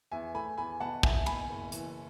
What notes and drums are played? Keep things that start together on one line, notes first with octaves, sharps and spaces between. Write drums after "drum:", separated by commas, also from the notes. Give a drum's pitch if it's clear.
E2 E5 G#5
A3 G#5 B5
E2 G#5 B5
B2 F#5 A5
F#1 E5 G#5, drum: kick
B2 G#5 B5, drum: cymbal
F#1
E3, drum: hi-hat